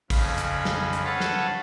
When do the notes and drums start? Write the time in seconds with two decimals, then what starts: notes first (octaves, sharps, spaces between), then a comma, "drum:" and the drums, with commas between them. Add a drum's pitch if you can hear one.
0.10 F2 C#3 F5 B5, drum: kick, open hi-hat
0.38 drum: hi-hat
0.65 drum: snare
0.93 drum: hi-hat
1.04 A4 B4 C#5 F5 F#5 A5
1.20 drum: snare